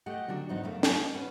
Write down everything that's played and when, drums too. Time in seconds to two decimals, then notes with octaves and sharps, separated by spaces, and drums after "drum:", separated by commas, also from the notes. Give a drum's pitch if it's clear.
0.06 A3 G4 D#5 F#5
0.28 D3 F#3 D4 F#4
0.49 E2 G#2 D#4 F#5
0.63 F#2 C#3 A3 A#3
0.83 A#3, drum: snare
1.14 B3 C#4